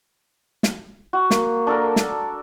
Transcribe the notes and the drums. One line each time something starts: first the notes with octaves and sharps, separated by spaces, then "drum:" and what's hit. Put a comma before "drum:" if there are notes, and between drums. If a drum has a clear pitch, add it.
drum: snare
F#4
A#3, drum: snare
D4 A4 A#4
drum: snare